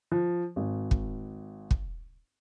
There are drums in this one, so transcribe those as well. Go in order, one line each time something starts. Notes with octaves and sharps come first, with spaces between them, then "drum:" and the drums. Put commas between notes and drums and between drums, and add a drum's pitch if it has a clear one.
F3
G#1
drum: kick
drum: kick